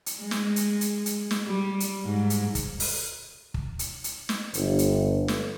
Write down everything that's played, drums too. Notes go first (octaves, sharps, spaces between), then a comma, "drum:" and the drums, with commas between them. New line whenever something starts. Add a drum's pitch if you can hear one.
drum: hi-hat
G#3
drum: snare
drum: hi-hat
drum: hi-hat
drum: hi-hat
drum: snare
G3
drum: hi-hat
G#2
drum: hi-hat
drum: kick, hi-hat
drum: open hi-hat
drum: kick
drum: hi-hat
drum: hi-hat
drum: snare
G1, drum: hi-hat
drum: hi-hat
drum: snare